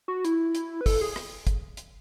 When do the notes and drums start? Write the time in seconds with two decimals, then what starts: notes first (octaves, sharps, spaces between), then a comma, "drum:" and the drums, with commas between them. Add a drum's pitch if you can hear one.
0.08 F#4
0.25 E4, drum: hi-hat
0.55 drum: hi-hat
0.81 B4
0.86 A4, drum: kick, open hi-hat
1.01 G#4
1.16 drum: rim click
1.47 drum: kick, hi-hat
1.77 drum: hi-hat